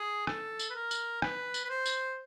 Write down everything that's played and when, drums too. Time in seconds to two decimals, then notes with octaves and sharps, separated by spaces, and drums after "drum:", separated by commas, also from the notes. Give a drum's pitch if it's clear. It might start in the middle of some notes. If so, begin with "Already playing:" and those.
Already playing: G#4
0.27 A4, drum: rim click
0.59 drum: tambourine
0.70 B4
0.75 A#4
0.91 drum: tambourine
1.22 B4, drum: rim click
1.54 drum: tambourine
1.65 B4
1.69 C5
1.86 drum: tambourine